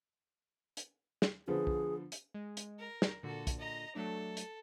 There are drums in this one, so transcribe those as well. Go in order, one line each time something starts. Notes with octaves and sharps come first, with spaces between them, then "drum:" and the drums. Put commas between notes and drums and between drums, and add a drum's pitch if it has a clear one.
drum: hi-hat
drum: snare
D3 F3 B3 G#4
drum: kick
drum: hi-hat
G#3
drum: hi-hat
A#4
drum: snare
A#2 D3 F#4 A4
drum: kick, hi-hat
D#5 A#5
F#3 A3 D4 A4
drum: hi-hat